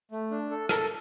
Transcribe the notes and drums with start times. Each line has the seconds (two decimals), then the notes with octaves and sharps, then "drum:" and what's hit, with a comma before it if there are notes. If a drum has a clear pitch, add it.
0.11 A3
0.31 D4
0.51 A4
0.69 A4 A#4, drum: rim click